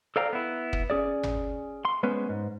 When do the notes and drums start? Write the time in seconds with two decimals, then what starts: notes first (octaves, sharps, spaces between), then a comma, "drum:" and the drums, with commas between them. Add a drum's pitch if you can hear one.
0.16 A4 C5 D5 F5 G5 A#5
0.33 B3 E4
0.73 drum: kick
0.90 C#4 G#4 D5
1.23 drum: tom G#1
1.85 C6
2.03 G#3 B3 C#4 B4 C5
2.29 G#2